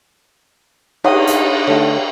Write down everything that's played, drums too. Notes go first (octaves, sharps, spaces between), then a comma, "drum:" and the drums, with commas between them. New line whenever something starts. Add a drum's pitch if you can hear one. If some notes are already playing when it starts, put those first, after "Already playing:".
D4 D#4 C#5 D#5 F#5 D#6, drum: cymbal
drum: hi-hat
D3 A3 C#5